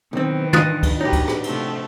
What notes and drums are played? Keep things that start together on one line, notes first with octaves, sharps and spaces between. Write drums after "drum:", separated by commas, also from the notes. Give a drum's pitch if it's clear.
B1 D#3 E3 C4
D4 F4 D#5 D#6 F#6 A6, drum: tom
drum: kick, cymbal
A#2 F#3 D#4 G4 B4 C#5
drum: kick, cymbal
drum: rim click
C3 F3 A3, drum: cymbal